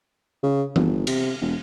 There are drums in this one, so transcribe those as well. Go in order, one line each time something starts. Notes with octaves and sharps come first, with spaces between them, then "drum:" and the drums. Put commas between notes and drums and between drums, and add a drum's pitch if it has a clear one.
C#3
G1, drum: tom E3
C3, drum: cymbal
E1